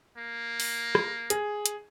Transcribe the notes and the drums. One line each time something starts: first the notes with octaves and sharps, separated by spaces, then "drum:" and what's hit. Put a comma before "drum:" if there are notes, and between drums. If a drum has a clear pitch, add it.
A#3
drum: open hi-hat
drum: rim click
G#4, drum: hi-hat
drum: hi-hat